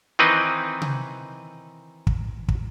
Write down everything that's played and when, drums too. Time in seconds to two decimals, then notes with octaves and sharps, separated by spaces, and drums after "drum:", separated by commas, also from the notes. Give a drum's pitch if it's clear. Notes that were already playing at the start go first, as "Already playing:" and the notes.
0.19 D#3 E3 C4 D#4 B4
0.82 drum: tom C3
2.07 drum: kick
2.48 drum: kick